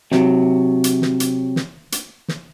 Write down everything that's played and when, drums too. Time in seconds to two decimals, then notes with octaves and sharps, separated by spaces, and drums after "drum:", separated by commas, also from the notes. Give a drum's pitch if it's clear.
0.12 C3 F#3, drum: snare
0.84 drum: hi-hat
1.02 drum: snare
1.20 drum: hi-hat
1.56 drum: snare
1.92 drum: hi-hat
2.28 drum: snare